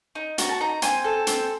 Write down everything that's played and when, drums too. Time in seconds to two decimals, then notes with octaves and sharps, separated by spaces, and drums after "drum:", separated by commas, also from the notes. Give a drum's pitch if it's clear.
0.15 D#4
0.38 F#4 A#5, drum: hi-hat
0.49 A5
0.60 D#4 A#5
0.82 C4 G#5, drum: hi-hat
1.04 A4
1.27 C4, drum: hi-hat